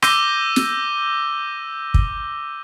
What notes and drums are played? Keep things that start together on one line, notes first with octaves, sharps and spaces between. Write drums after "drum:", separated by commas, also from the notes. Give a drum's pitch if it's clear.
D6 E6 G6 A#6 D#7 G7, drum: rim click
drum: snare
drum: kick